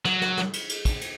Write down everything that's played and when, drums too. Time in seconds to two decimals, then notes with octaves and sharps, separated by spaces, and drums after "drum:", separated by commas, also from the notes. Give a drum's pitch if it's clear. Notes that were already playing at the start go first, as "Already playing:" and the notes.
0.05 F#3, drum: snare
0.22 drum: snare
0.37 drum: snare
0.53 drum: cymbal
0.69 drum: cymbal
0.85 drum: kick, cymbal
1.01 drum: cymbal